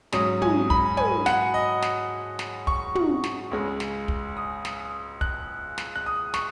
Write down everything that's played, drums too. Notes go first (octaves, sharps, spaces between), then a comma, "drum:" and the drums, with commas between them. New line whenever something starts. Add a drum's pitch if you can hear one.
G#2 F#3 C#4 D#6, drum: snare
G#5, drum: tom
B5, drum: kick
G#5, drum: tom
F#5, drum: snare
D#5
drum: snare
drum: snare
C#6, drum: kick
drum: tom
drum: snare
C#2 C#3 G#3
drum: snare
drum: kick
D#6
drum: snare
F#6, drum: kick
drum: snare
F#6
D#6
C#6, drum: snare